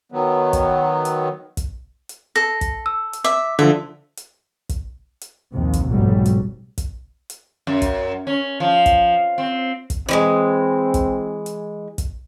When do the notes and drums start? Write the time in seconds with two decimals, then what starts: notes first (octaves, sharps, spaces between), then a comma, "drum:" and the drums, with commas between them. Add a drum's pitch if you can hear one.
0.12 D#3 F#3 B3
0.53 drum: kick, hi-hat
1.05 drum: hi-hat
1.57 drum: kick, hi-hat
2.09 drum: hi-hat
2.36 A4 A#6
2.61 drum: kick, hi-hat
2.86 E6
3.13 drum: hi-hat
3.24 E5 D6
3.59 D3 F3 E5
4.17 drum: hi-hat
4.69 drum: kick, hi-hat
5.21 drum: hi-hat
5.52 A#1 D#2 C3
5.73 drum: kick, hi-hat
5.90 F1 B1 G#2 F#3 G3
6.26 drum: hi-hat
6.78 drum: kick, hi-hat
7.30 drum: hi-hat
7.67 F#2
7.82 drum: kick, hi-hat
8.27 C#4
8.60 F3
8.86 drum: kick, hi-hat
9.38 C4
9.90 drum: kick, hi-hat
10.09 E3 G3 G#3 C4
10.94 drum: kick, hi-hat
11.46 drum: hi-hat
11.98 drum: kick, hi-hat